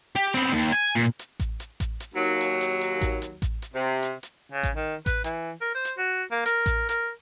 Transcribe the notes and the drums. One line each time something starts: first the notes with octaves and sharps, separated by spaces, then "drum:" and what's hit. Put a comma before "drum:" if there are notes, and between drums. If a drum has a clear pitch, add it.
G4
B3 C4
D#2
G#5
A#2
drum: hi-hat
drum: kick A1, hi-hat
drum: hi-hat
drum: kick A1, hi-hat
drum: hi-hat
D#2 F#3
drum: hi-hat
drum: hi-hat
drum: hi-hat
drum: kick A1, hi-hat
drum: hi-hat
drum: kick A1, hi-hat
drum: hi-hat
C3
drum: hi-hat
drum: hi-hat
C#3
drum: kick A1, hi-hat
D#3
B4, drum: kick A1, hi-hat
E3, drum: hi-hat
A#4
C5
drum: hi-hat
F#4
A#3
A#4, drum: hi-hat
drum: kick A1, hi-hat
A#4, drum: hi-hat